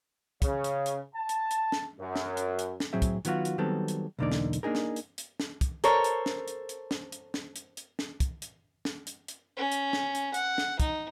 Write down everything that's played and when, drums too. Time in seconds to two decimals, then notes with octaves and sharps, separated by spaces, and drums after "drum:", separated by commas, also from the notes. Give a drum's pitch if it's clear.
0.42 C#3, drum: kick, hi-hat
0.64 drum: hi-hat
0.86 drum: hi-hat
1.15 A5
1.29 drum: hi-hat
1.51 drum: hi-hat
1.72 drum: snare
1.99 F#2
2.16 drum: snare
2.37 drum: hi-hat
2.59 drum: hi-hat
2.80 drum: snare
2.93 A2 F#3 C4 G#4 E5
3.02 drum: kick, hi-hat
3.25 D#3 F#3 B3 F4 F#4, drum: hi-hat
3.45 drum: hi-hat
3.58 D#3 F#3 G3 B3 C4 A4
3.88 drum: hi-hat
4.19 B1 E2 D3 A#3 D#4 D5
4.32 drum: snare
4.53 drum: hi-hat
4.63 A#3 D4 D#4 G#4 A#4
4.75 drum: snare
4.96 drum: hi-hat
5.18 drum: hi-hat
5.40 drum: snare
5.61 drum: kick, hi-hat
5.84 A4 A#4 C5 C#5, drum: hi-hat
6.04 drum: hi-hat
6.26 drum: snare
6.48 drum: hi-hat
6.69 drum: hi-hat
6.91 drum: snare
7.12 drum: hi-hat
7.34 drum: snare
7.56 drum: hi-hat
7.77 drum: hi-hat
7.99 drum: snare
8.20 drum: kick, hi-hat
8.42 drum: hi-hat
8.85 drum: snare
9.07 drum: hi-hat
9.28 drum: hi-hat
9.57 C#4
9.72 drum: hi-hat
9.93 drum: snare
10.15 drum: hi-hat
10.34 F#5, drum: hi-hat
10.58 drum: snare
10.80 D#4, drum: kick, hi-hat